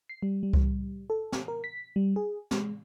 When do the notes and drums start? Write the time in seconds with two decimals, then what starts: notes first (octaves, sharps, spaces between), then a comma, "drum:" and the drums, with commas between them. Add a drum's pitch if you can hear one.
0.09 C7
0.23 G3
0.43 G3
0.53 drum: kick C2
1.10 A4
1.32 drum: snare
1.48 A#4
1.64 B6
1.96 G3
2.16 G#4
2.51 G#3, drum: snare